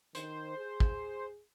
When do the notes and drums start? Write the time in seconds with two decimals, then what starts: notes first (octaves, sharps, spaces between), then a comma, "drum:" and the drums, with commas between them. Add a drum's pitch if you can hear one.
0.15 D#3 C5, drum: hi-hat
0.57 G#4
0.80 drum: kick